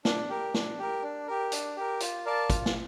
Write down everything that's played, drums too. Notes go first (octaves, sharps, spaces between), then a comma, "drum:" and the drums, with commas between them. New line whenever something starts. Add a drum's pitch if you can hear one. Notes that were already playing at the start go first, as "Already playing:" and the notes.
D4, drum: snare
G4 A#4
D4, drum: snare
G4 A#4
D4
G4 A#4
D4, drum: hi-hat
G4 A#4
F4, drum: hi-hat
A#4 D5 F5 A5
F4, drum: kick, hi-hat
drum: snare